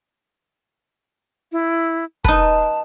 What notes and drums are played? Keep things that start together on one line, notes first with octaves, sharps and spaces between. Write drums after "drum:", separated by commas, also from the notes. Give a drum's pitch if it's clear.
E4
D#4 B4 A5, drum: kick